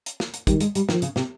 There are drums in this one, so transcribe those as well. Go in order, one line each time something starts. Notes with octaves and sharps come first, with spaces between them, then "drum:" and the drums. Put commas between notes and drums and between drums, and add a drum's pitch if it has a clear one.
drum: hi-hat
drum: snare
drum: hi-hat
D#3 G3, drum: kick, hi-hat
G#3, drum: hi-hat
G3, drum: hi-hat
D#3 F3, drum: snare
C#3, drum: hi-hat
C3, drum: snare